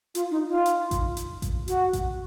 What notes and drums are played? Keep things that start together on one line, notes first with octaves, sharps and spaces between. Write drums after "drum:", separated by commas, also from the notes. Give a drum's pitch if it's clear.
F4, drum: hi-hat
D#4
F4
drum: hi-hat
drum: kick A1, hi-hat
drum: hi-hat
drum: kick A1, hi-hat
F#4, drum: hi-hat
drum: kick A1, hi-hat